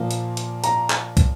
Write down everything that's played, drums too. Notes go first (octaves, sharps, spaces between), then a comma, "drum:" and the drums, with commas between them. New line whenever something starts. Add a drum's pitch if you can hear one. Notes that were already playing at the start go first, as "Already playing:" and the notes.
Already playing: A#2 F3 A#3
drum: hi-hat
drum: hi-hat
A#5, drum: hi-hat
drum: clap
drum: kick, hi-hat